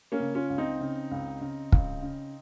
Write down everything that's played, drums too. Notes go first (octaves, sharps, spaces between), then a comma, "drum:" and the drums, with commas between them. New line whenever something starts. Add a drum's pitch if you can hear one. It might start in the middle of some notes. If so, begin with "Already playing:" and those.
A#3 C#4
C#3
C#4 F4
C#2
C4 D#4
C#3
C#2
C#3
C#2, drum: kick
C#3